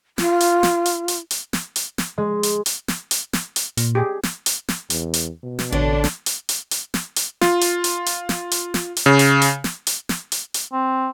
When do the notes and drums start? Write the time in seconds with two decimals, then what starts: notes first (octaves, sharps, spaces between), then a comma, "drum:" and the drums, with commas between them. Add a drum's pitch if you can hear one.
0.18 F4, drum: snare
0.40 drum: hi-hat
0.63 drum: snare
0.86 drum: hi-hat
1.08 drum: hi-hat
1.31 drum: hi-hat
1.53 drum: snare
1.76 drum: hi-hat
1.98 drum: snare
2.18 G#3
2.43 drum: hi-hat
2.66 drum: hi-hat
2.88 drum: snare
3.11 drum: hi-hat
3.33 drum: snare
3.56 drum: hi-hat
3.77 A#2, drum: hi-hat
3.95 G4 G#4
4.23 drum: snare
4.46 drum: hi-hat
4.68 drum: snare
4.90 E2, drum: hi-hat
5.14 drum: hi-hat
5.43 B2
5.59 drum: snare
5.72 A1 D3 D4 C#5
6.04 drum: snare
6.26 drum: hi-hat
6.49 drum: hi-hat
6.71 drum: hi-hat
6.94 drum: snare
7.16 drum: hi-hat
7.41 F4, drum: snare
7.61 drum: hi-hat
7.84 drum: hi-hat
8.06 drum: hi-hat
8.29 drum: snare
8.51 drum: hi-hat
8.74 drum: snare
8.97 drum: hi-hat
9.06 C#3
9.19 drum: hi-hat
9.42 drum: hi-hat
9.64 drum: snare
9.87 drum: hi-hat
10.09 drum: snare
10.32 drum: hi-hat
10.54 drum: hi-hat
10.72 C4